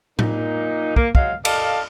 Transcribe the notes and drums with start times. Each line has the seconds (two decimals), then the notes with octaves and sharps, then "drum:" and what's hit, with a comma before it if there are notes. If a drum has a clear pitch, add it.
0.19 A#2 A#3 D#4, drum: tom A2
0.96 A#3, drum: kick
1.15 F#3 G#3 F5, drum: kick
1.45 A4 D5 D#5 F5, drum: cymbal